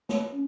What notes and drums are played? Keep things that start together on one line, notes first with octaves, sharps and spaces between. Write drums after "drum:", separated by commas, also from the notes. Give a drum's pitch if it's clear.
C#5, drum: snare
C#4